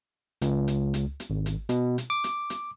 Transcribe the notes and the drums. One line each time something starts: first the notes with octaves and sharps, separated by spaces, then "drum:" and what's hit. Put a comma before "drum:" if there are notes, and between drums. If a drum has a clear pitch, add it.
C#2, drum: hi-hat
drum: hi-hat
drum: hi-hat
drum: hi-hat
G#1
drum: hi-hat
B2, drum: hi-hat
drum: hi-hat
D6
drum: hi-hat
drum: hi-hat